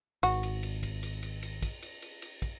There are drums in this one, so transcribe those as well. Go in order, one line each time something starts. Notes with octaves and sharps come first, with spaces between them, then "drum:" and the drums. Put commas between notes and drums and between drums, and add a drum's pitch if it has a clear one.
G#1 F#4, drum: cymbal
drum: cymbal
drum: cymbal
drum: kick, cymbal
drum: cymbal
drum: cymbal
drum: cymbal
drum: kick, cymbal
drum: cymbal
drum: cymbal
drum: cymbal
drum: kick, cymbal